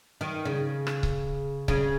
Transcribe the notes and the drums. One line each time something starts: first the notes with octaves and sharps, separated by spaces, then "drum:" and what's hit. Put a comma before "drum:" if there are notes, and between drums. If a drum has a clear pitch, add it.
D#3
C#3
drum: rim click
drum: kick C#1
C#3, drum: kick C#1